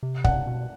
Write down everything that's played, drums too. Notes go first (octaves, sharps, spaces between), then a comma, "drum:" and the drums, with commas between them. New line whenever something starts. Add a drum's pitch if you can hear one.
C3
F#5, drum: kick
B2